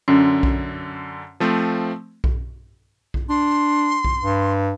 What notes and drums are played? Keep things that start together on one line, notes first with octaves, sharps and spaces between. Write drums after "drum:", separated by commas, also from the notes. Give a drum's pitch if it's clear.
F#2 D3 C#4
drum: kick B1
F3 A3 C4
drum: kick B1
drum: kick B1
D4 C6
drum: kick B1
G2